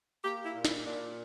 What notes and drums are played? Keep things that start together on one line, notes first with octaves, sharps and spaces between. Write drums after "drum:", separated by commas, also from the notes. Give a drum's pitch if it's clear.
A#3 G4
E4
A#2
E4, drum: snare
A#2 D4